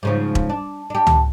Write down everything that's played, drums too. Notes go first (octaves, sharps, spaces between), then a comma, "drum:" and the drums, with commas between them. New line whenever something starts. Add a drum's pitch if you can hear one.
G#2 C#3 F3
drum: kick E1
D4
D4 G4
drum: tom C#2